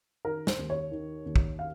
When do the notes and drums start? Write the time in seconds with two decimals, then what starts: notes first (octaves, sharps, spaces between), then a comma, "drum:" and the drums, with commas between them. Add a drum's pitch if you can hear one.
0.25 D#3 A#4
0.47 C5, drum: snare
0.59 D#2
0.70 C#5
0.91 D#3
1.26 D#2
1.36 drum: kick
1.59 F5